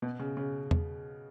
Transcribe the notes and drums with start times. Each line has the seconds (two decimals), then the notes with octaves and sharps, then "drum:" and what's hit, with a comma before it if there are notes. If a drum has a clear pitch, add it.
0.02 B2
0.20 C#3
0.37 C#3
0.71 drum: tom E2